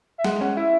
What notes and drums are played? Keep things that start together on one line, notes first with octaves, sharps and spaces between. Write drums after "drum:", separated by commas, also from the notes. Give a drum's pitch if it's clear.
E5
G#3 F#5, drum: snare
C#4 F#5
E4 E5